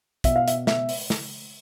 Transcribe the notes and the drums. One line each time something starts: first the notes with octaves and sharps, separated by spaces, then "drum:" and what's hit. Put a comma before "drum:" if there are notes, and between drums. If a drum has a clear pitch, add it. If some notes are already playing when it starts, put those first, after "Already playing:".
B2 E5, drum: kick, hi-hat
F5
E5, drum: hi-hat
E5, drum: snare
drum: open hi-hat
drum: snare